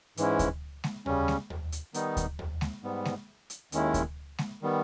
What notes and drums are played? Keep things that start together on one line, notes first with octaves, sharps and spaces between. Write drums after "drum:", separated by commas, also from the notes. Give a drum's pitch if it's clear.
G#2 E3 G#3 C#4 E4, drum: hi-hat
drum: kick D2, hi-hat
drum: snare G#3
C#3 G3 C#4, drum: tom D#2
drum: snare G#3
drum: tom D#2
drum: hi-hat
D#3 G3 B3 D#4, drum: hi-hat
drum: kick D2, hi-hat
drum: tom D#2
drum: snare G#3
G#2 G3 B3
drum: snare G#3
drum: hi-hat
D#2 D#3 G#3 C#4 E4, drum: hi-hat
drum: kick D2, hi-hat
drum: snare G#3
D#3 G3 B3